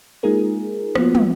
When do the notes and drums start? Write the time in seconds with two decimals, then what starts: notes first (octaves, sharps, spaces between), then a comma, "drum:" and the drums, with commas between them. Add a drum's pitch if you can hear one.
0.23 G#3 A#3 D#4 F4 G#4 A#4
0.95 F3 A#3 B3 F4 F#4, drum: rim click
1.15 drum: tom